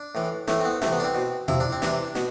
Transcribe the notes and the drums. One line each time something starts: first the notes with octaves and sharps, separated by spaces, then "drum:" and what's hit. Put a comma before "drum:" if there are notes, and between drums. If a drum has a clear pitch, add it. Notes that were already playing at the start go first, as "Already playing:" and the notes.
Already playing: D4
A2 E3
A2 E3 A3, drum: snare
C4
B3
C3 E3 A3, drum: snare
B3
D4
C4
B2
C3 F3 E4, drum: tom B2
D4
C4
C3 E3 D4, drum: snare
B2, drum: snare